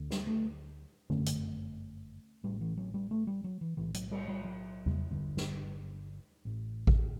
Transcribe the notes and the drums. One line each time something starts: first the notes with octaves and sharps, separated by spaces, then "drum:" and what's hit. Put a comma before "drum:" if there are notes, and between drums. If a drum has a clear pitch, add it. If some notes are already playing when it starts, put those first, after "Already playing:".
Already playing: D2 D3
G3, drum: snare
A3
G1 F#2 D3 A3, drum: tom D3
drum: hi-hat
A1 A2 G3
E3
F#3
G3
A3
G3
F#3
E3
B1 A2 E3
F#3, drum: hi-hat
G3, drum: cymbal
G3
F#3
drum: tom E2
G1 G2 D3
drum: snare
A1 A2
drum: kick A1